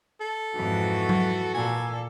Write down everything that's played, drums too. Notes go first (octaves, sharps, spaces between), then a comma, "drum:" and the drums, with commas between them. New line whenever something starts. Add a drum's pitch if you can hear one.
A4
F2 G#2 E3 F#4
drum: tom F#3
A#2 A4 G#5